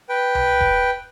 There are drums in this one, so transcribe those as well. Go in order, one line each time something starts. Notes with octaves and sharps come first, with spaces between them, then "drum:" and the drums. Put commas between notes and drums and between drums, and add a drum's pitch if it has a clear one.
B4 G5
drum: tom C2
drum: kick E1